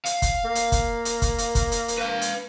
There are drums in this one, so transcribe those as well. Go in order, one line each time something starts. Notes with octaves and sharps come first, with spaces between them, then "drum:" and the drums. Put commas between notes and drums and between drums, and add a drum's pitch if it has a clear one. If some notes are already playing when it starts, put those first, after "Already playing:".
F5, drum: hi-hat
drum: kick, hi-hat
A#3
drum: hi-hat
drum: kick, hi-hat
drum: hi-hat
drum: kick, hi-hat
drum: hi-hat
drum: kick, hi-hat
drum: hi-hat
drum: hi-hat
B4 F5
drum: hi-hat